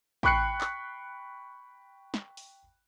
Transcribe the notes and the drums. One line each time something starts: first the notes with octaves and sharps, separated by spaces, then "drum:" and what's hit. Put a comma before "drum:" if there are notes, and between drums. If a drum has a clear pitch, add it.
G5 B5 C#6 F#6 C7 C#7, drum: kick
drum: clap
drum: snare
drum: open hi-hat